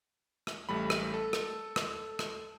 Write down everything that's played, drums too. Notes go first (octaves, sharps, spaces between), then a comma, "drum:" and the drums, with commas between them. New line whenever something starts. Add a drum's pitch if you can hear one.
drum: rim click
A1 G3 A3 B5
drum: rim click
A4
drum: rim click
drum: rim click
drum: rim click